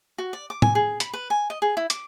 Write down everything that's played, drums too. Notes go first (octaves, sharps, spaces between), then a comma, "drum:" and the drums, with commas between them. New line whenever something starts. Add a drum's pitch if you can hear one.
F#4
D5
D6
G#5, drum: tom A2
G#4
B5, drum: hi-hat
B4
G#5
D#5
G#4
E4
D6, drum: hi-hat